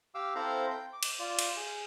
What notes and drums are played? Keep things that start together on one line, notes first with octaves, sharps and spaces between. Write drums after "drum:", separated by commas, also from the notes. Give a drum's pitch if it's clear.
G4 F5 D6 E6
C4 E4 A4 C5 F5 A#5
G5
D6
drum: cymbal
F4 D5
drum: cymbal
G#4